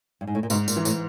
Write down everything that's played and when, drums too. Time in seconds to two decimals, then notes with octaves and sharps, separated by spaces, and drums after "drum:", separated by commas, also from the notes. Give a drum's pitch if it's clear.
0.21 G2
0.27 G#2
0.35 A2
0.43 A#2
0.50 G#2 B2, drum: tambourine
0.68 A#2, drum: tambourine
0.76 E3
0.85 A2, drum: tambourine